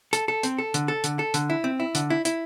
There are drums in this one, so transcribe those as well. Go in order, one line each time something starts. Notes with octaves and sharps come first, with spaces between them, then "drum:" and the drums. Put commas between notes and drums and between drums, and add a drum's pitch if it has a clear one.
A4, drum: hi-hat
A4
C4, drum: hi-hat
A4
D3, drum: hi-hat
A4
D3, drum: hi-hat
A4
D3, drum: hi-hat
E4
C4
E4
D3, drum: hi-hat
E4
E4, drum: hi-hat